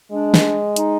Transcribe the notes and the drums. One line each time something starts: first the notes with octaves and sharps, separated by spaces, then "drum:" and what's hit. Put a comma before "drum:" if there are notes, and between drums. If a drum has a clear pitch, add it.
G#3 D4
drum: snare
D#4, drum: hi-hat